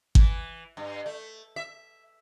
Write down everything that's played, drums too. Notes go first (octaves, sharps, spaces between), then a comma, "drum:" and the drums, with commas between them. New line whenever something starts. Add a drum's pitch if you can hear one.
E3, drum: kick G#1
G2
A3
E5